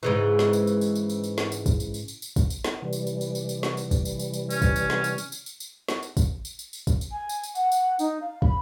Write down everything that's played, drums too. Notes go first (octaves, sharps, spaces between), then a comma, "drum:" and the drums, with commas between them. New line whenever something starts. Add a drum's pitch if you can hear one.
G#2 C#3 E3
drum: snare
drum: tambourine
drum: tambourine
drum: tambourine
drum: tambourine
drum: tambourine
drum: tambourine
drum: snare
drum: tambourine
drum: kick, tambourine
drum: tambourine
drum: tambourine
drum: tambourine
drum: tambourine
drum: kick, tambourine
drum: tambourine
drum: snare
C3 E3 G3
drum: tambourine
drum: tambourine
drum: tambourine
drum: tambourine
drum: tambourine
drum: snare
drum: tambourine
drum: kick, tambourine
drum: tambourine
drum: tambourine
drum: tambourine
C#4, drum: tambourine
drum: kick, tambourine
drum: tambourine
drum: snare
drum: tambourine
drum: tambourine
drum: tambourine
drum: tambourine
drum: tambourine
drum: snare
drum: tambourine
drum: kick, tambourine
drum: tambourine
drum: tambourine
drum: tambourine
drum: kick, tambourine
drum: tambourine
G#5
drum: tambourine
drum: tambourine
F#5, drum: tambourine
drum: tambourine
D#4, drum: tambourine
F5
B5, drum: kick